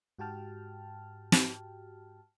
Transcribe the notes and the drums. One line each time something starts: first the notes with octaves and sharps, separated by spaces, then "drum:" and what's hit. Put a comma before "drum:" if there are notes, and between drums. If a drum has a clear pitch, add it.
G#2 F#4 G4 G5 A5 F6
drum: snare